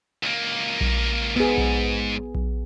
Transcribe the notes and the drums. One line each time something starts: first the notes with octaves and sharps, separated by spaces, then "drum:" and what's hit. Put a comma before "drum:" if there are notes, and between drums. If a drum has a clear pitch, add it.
C#2 A#3
drum: kick A#1
G#2 B3 G#4
drum: kick A#1
drum: kick A#1